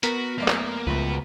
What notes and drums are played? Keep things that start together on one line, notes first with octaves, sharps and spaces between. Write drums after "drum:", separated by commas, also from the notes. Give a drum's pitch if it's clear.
B3 F#4 A#4 B6, drum: hi-hat
F#2 A3 A#3 D5
drum: clap
C#2 F3 A3 F#4 B4